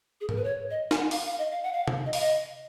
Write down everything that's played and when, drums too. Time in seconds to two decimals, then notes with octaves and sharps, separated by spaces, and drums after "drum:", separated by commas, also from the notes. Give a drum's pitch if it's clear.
0.21 G#4
0.29 A#4, drum: tom G#2
0.36 B4
0.44 C#5
0.71 D#5
0.91 G#5, drum: snare
0.98 F#5
1.11 F5, drum: open hi-hat
1.25 F5
1.38 D#5
1.52 F5
1.63 F#5
1.73 F5
1.88 drum: tom C3
2.06 D#5
2.13 F5, drum: open hi-hat
2.21 D#5